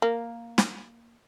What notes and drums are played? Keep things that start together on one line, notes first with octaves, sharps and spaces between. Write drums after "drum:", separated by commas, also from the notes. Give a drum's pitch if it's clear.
A#3
drum: snare